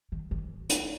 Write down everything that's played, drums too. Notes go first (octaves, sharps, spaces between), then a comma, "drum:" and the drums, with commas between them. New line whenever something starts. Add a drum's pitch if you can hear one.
D#3
D#3
drum: hi-hat